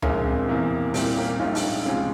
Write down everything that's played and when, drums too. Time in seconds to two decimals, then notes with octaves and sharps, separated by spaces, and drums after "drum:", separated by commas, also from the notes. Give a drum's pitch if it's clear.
0.02 A#1 A#2 F3 G#3 A#3 C#4, drum: tom D2
0.26 C4
0.48 E2 C3 E3 A#3
0.94 C2 A#2 G3 C4, drum: open hi-hat
1.17 A#3 C#4
1.39 A#1 G#2 G3 C#4 F4
1.55 drum: open hi-hat
1.85 C#2 C3 F3 G#3 C#4 F4